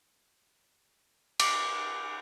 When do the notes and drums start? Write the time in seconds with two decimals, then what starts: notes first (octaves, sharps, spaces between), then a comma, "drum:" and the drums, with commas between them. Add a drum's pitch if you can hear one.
1.40 D6, drum: cymbal